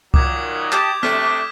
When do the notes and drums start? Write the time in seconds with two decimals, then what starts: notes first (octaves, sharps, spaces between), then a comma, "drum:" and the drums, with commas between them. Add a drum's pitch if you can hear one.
0.14 A#2 D#3 F#3 D6 D#6 G#6, drum: kick C2
0.72 G4 D#5 A5 D6 G6, drum: clap
1.03 C3 A3 D4 F6 B6 E7, drum: snare